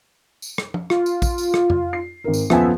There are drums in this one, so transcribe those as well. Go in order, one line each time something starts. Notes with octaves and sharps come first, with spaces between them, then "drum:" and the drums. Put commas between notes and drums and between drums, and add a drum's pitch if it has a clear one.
drum: tambourine
drum: rim click
drum: tom
F4, drum: rim click
drum: tambourine
drum: kick A#1, tambourine
drum: tambourine
drum: rim click
drum: tom F2
C7
G#1 A#4
drum: tambourine
D#1 F#2 F3 B3 E5 G#5, drum: rim click